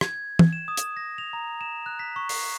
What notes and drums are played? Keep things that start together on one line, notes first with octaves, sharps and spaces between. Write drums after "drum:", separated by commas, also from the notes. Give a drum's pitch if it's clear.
G#6, drum: rim click
drum: tom
E7
D#6
drum: hi-hat
A#6
F7
A#5
E7
F#6
B6
C#6
C7, drum: open hi-hat